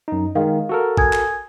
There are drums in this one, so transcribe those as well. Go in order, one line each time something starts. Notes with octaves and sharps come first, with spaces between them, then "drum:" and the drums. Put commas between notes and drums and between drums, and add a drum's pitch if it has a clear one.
F#2 D#4
D#3 G#3 F5
F#4 A4 A#4
G#5 D#6 G#6, drum: kick A1
drum: clap